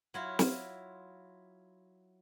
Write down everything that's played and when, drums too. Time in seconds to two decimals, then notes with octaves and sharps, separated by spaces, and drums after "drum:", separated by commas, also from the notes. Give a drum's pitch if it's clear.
0.14 F#3 E4 F4
0.39 drum: snare